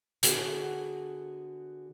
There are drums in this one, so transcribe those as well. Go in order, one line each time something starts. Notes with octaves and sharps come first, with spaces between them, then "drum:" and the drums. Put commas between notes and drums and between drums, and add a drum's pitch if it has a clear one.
D3 B3 F#4 G#4, drum: hi-hat